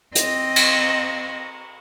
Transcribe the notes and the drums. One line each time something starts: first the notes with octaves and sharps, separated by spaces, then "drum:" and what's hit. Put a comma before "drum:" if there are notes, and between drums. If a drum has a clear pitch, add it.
C4 D#5, drum: hi-hat
drum: cymbal